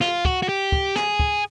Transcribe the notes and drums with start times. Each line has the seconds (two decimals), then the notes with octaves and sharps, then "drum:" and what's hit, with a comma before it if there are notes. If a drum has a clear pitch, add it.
0.01 F4, drum: snare
0.25 F#4, drum: kick
0.42 F#4
0.49 G4
0.72 drum: kick
0.96 G#4, drum: snare
1.20 drum: kick